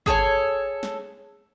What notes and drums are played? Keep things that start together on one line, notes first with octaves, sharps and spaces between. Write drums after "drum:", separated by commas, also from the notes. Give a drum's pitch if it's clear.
G#4 A4 C#5 G#5, drum: kick
drum: snare